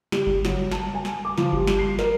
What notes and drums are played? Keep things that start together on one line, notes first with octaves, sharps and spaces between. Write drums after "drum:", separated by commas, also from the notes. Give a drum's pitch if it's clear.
G3, drum: snare
drum: kick G1
F#3, drum: snare
A5, drum: snare
G#5
drum: snare
D6
F3, drum: snare
G4, drum: kick G1
drum: snare
C7
A#4, drum: snare